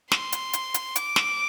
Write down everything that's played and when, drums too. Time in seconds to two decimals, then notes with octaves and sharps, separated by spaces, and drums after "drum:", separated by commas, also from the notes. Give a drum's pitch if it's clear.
0.12 C6, drum: snare
0.32 drum: hi-hat
0.53 drum: hi-hat
0.74 drum: hi-hat
0.96 D6, drum: hi-hat
1.16 drum: snare